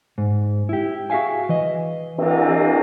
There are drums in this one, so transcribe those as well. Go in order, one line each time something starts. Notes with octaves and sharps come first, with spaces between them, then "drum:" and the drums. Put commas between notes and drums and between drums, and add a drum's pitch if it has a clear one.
G#2
E4 G4
F#4 G#4 E5 F5 G#5
E3 D#5
drum: cymbal